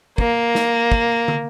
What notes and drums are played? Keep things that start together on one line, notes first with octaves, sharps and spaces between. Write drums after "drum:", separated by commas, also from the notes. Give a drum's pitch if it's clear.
A#3, drum: kick
drum: snare
drum: kick
drum: tom